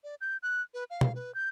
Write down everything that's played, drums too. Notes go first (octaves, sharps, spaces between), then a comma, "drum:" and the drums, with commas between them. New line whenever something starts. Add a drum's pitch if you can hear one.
D5
G6
F#6
B4
F5
drum: tom
B4
G6